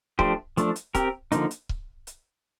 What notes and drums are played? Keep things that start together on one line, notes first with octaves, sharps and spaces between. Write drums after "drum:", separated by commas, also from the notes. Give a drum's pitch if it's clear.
F3 A3 D4 G4 C5, drum: kick C#1
F3 A3 D4, drum: hi-hat
drum: hi-hat
C4 G4 A#4, drum: kick C#1, hi-hat
D3 F3 A#3 D#4, drum: hi-hat
drum: hi-hat
drum: kick C#1
drum: hi-hat